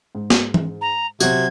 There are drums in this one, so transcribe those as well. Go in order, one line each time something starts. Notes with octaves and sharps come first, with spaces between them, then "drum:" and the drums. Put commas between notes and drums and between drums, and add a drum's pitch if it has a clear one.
G#2 G#3
drum: snare
drum: tom E3
A#5
C3 F#3 C4 F#4 C5 G#6, drum: tambourine